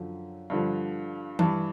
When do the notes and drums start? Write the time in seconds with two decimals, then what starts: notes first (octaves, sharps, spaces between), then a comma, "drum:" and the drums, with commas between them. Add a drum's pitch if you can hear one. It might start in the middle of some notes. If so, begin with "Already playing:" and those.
Already playing: F#2 D3 F3
0.50 G2 D3 F3
1.39 G2 E3 A5, drum: tom E3